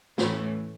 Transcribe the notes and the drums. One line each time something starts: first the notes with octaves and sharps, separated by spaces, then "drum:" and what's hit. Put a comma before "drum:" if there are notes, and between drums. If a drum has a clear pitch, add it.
A2 E3 A3 C#4, drum: snare